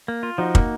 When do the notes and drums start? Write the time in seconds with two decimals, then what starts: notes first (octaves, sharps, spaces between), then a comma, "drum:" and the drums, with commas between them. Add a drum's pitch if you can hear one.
0.08 A#3
0.23 F4
0.38 F3 D#4 F#4
0.55 A#3, drum: kick